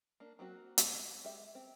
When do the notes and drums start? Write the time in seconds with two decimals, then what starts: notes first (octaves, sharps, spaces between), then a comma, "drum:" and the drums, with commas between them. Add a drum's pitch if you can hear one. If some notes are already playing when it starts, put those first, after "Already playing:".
0.20 A#3 D4
0.39 F#3 A#3 C4 F#4
0.78 drum: hi-hat
1.23 G#3 G4 E5
1.55 C4